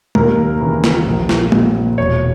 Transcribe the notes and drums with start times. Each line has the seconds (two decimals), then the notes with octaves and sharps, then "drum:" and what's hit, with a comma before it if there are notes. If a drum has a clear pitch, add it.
0.15 D#2 A#4, drum: tom G#3
0.61 C#3 E3
0.84 drum: snare
1.06 A#1
1.29 drum: snare
1.52 A#2, drum: tom G#3
1.98 E1 C#5